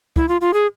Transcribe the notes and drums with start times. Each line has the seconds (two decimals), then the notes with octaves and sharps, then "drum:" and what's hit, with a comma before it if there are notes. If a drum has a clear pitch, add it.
0.16 E4, drum: kick
0.29 F4
0.41 F4
0.53 G#4